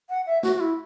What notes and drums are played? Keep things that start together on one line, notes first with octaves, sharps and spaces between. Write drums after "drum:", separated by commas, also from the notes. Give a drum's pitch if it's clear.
F#5
E5
F#4, drum: snare
F#4
E4